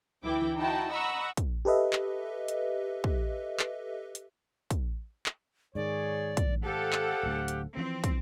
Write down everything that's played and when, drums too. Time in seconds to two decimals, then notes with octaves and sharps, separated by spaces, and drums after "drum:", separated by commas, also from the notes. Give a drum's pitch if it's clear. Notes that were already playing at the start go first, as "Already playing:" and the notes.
0.23 D2 E3 E4 G5 D6
0.57 D#4 E4 F#4 G5 A5
0.91 D#5 F#5 A#5 B5 C#6 E6
1.37 drum: kick, hi-hat
1.65 G4 A4 B4 D#5 E5
1.93 drum: clap
2.48 drum: hi-hat
3.04 drum: kick
3.59 drum: clap
4.15 drum: hi-hat
4.71 drum: kick, hi-hat
5.26 drum: clap
5.75 G#2 D#3 G#4 C#5 D5
6.37 drum: kick, hi-hat
6.64 G4 A4 C5 F5 F#5
6.93 drum: clap
7.23 D1 D2
7.48 drum: hi-hat
7.77 E3 F3 C4
8.04 drum: kick, hi-hat